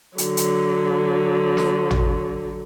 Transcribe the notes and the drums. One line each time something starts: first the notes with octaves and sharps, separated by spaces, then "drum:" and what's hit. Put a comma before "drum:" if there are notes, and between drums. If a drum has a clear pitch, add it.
D3 F#3, drum: hi-hat
drum: hi-hat
drum: snare
drum: tom